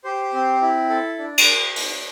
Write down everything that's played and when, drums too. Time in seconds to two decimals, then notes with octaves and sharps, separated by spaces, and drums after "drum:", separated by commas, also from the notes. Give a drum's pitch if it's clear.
0.04 G4 C5
0.33 C4
0.61 E4
0.90 A4
1.18 D4
1.38 drum: cymbal
1.76 drum: open hi-hat